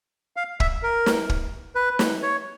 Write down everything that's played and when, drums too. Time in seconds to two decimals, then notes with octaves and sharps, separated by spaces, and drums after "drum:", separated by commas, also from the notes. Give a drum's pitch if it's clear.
0.36 F5
0.60 E5, drum: kick
0.83 A#4
1.06 drum: snare
1.29 drum: kick
1.75 B4
1.99 drum: snare
2.23 C#5